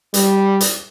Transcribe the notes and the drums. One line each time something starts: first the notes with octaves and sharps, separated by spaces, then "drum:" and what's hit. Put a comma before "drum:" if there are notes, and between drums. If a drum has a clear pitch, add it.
G3, drum: hi-hat
drum: hi-hat